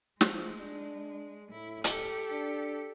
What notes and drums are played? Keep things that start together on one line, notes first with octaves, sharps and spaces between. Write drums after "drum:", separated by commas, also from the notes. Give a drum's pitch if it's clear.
F3 G#3, drum: snare
D4
A2 E4
G4 A4, drum: hi-hat
D4